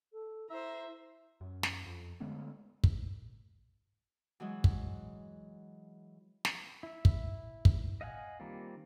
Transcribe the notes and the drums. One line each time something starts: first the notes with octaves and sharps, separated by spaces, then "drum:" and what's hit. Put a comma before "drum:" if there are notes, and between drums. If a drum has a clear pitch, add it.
A4
E4 C5 E5 A#5
F#2
drum: snare
F2
D3 G#3 A3 B3
drum: kick
E3 F#3 G#3
drum: kick
drum: snare
E4 E5
drum: kick
drum: kick
D#5 F5 F#5 G#5
D#3 G3 A#3 C4 F4